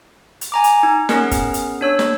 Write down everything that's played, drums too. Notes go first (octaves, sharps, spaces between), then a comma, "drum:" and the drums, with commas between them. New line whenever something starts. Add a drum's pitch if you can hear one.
drum: hi-hat
G#5 A#5 D6
drum: hi-hat
D#4
B3 C#4 G#4 A#4, drum: snare
drum: kick, hi-hat
drum: hi-hat
D4 C#5 E6
drum: snare